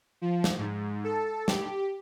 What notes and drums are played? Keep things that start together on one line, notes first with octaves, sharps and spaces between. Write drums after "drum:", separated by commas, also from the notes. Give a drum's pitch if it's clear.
F3
drum: snare
G#2
A4
G4, drum: snare